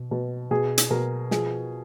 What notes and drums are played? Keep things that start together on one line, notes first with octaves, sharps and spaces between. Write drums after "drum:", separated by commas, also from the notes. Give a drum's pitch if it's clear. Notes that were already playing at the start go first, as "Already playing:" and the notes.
Already playing: B2
B2
B2 G#4
drum: hi-hat
B2 A#4
F3 G#4, drum: snare